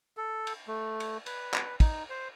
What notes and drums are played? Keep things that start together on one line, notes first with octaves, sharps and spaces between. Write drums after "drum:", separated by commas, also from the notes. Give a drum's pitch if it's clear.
A4
drum: cymbal
A3
drum: cymbal
B4, drum: cymbal
drum: clap
D#4, drum: kick, cymbal
C5